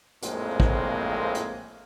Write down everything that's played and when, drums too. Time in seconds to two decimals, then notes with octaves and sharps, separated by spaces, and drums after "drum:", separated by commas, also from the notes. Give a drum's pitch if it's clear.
0.22 A#1 F2 A2 G#3 A#3 C4, drum: hi-hat
0.60 drum: kick
1.35 drum: hi-hat